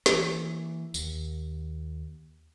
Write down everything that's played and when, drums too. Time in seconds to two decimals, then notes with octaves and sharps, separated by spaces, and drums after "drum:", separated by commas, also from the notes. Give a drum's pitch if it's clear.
0.06 E3 A#3, drum: snare
0.94 D#2, drum: tambourine